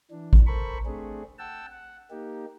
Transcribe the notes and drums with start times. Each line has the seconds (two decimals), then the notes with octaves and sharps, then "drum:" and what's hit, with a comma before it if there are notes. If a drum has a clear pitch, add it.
0.11 E3 D4
0.33 drum: kick A1
0.47 A4 A#4 C5 B5 C#6
0.86 A3 C4 D4 G#4
1.39 F#5 G5 A5 E6
1.71 F#5
2.11 A#3 D#4 G4